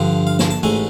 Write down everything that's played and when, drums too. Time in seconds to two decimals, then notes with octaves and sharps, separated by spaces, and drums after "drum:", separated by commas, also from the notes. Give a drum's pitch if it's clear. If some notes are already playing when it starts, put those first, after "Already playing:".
Already playing: G2 D3 F3
0.27 F5
0.39 A5, drum: snare
0.50 A5
0.63 A1 G#2 E3 A3 G#5